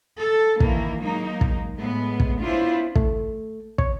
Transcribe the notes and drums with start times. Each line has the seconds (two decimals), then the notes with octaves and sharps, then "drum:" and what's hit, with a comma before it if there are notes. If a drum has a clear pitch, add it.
0.20 A4
0.60 D#3 E3 A#3, drum: kick
1.02 F#3 G#3 A#3 D#4
1.41 drum: kick
1.77 A2 G#3 B3
2.20 drum: kick
2.42 B3 C#4 D4 E4 F4 C5
2.95 A3, drum: kick
3.78 C#5, drum: kick